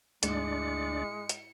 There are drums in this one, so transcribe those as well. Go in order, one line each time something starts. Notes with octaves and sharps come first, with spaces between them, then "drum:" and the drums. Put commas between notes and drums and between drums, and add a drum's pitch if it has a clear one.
D2 G#2 G#3 D4 E4 D5 C#7, drum: hi-hat
drum: hi-hat